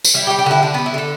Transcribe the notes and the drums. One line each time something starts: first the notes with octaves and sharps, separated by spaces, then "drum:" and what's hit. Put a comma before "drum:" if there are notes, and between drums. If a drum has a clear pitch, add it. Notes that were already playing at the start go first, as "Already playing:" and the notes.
drum: tambourine
G3 E4
G4
G3
G4
D3 E4
D3 D4
G3 B3
E4
D3 A4